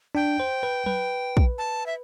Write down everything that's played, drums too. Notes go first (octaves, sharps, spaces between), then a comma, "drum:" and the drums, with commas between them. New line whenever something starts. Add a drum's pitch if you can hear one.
D4 G5
C5
B4
B4, drum: tom F#3
drum: kick
A5
E5